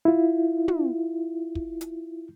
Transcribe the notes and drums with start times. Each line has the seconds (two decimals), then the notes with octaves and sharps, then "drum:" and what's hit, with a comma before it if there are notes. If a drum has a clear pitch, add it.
0.05 E4 F4
0.68 drum: tom
1.55 drum: kick
1.81 drum: hi-hat